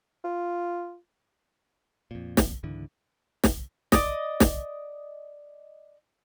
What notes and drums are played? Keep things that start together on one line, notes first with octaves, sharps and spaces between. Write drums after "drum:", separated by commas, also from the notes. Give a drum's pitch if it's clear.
F4
F2 A#2
drum: snare
C#2 G#2 D3 E3
drum: snare
D5 D#5, drum: snare
drum: snare